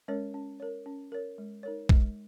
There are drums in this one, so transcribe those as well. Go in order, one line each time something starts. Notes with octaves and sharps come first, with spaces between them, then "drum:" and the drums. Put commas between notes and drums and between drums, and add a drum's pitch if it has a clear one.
G#3 C#4 A#4 C#5
C#4
A#4 C#5
C#4
A#4 C#5
G#3
D#4 A#4 C#5
G#3, drum: kick